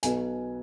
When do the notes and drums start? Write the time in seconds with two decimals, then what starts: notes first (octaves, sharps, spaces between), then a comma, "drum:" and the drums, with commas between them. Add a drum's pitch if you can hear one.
0.03 B1 B2 B3 G#5, drum: hi-hat